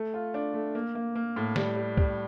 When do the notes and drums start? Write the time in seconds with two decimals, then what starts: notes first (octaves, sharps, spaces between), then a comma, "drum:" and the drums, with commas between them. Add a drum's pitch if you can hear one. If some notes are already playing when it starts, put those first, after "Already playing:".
Already playing: A3
0.14 F4
0.34 D4
0.54 A3
0.75 A#3
0.95 A#3
1.15 A#3
1.36 A2
1.56 G3, drum: snare
1.76 G3
1.97 G3, drum: kick C2